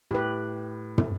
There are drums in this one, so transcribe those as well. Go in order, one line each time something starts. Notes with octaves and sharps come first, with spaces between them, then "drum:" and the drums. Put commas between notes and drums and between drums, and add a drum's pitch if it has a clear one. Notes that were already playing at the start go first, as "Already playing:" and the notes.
A2 G4 B4
drum: tom